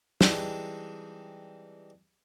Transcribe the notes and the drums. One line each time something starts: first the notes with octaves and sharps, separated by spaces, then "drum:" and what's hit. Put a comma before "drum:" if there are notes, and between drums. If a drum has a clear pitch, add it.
E3 G3 G#3 C4 D4 D#4, drum: snare